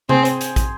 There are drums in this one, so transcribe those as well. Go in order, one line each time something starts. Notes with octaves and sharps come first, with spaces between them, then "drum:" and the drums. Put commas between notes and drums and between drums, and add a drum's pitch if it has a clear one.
C4 G#4 C5, drum: tom C3
drum: hi-hat
drum: hi-hat
drum: kick, hi-hat